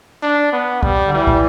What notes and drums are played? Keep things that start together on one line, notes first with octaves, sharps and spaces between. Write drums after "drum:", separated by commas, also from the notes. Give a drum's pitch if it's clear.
D4
B3
G3, drum: kick
D3
E3 G3
drum: kick